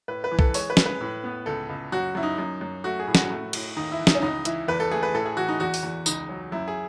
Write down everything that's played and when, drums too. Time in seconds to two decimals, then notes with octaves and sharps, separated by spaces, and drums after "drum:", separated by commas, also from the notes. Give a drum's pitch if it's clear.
0.08 A2 B4
0.24 B4
0.32 E3
0.39 A4, drum: kick
0.54 G#3 C#5, drum: open hi-hat
0.70 B4
0.77 G#3, drum: snare
0.86 B4
1.01 A2
1.24 B3
1.46 C#2 A4
1.69 C#2
1.92 F#2 F#4
2.15 F#2 E4
2.23 D#4
2.38 F#2
2.61 F#2
2.84 A3 F#4
3.00 G#4
3.07 A2
3.15 F#4, drum: snare
3.30 A3
3.53 A2, drum: cymbal
3.76 D#2 D#4
3.92 E4
3.99 E3
4.07 D#4, drum: snare
4.15 C#4
4.22 C#2 D#4
4.45 E3 E4, drum: hi-hat
4.68 E2 B4
4.80 A4
4.91 A3 G#4
5.03 B4
5.14 A2 A4
5.26 G#4
5.37 E3 F#4
5.48 D#4
5.60 E2 F#4
5.74 drum: open hi-hat
5.83 E2
6.06 C#2 D#4, drum: tambourine
6.29 F#3
6.52 F#2 E4
6.68 G#4